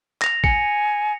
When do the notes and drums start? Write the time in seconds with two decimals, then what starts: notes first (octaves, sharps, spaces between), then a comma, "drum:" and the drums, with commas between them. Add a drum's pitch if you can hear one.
0.22 A#6 F7, drum: clap
0.44 G#5 C#7, drum: kick A#1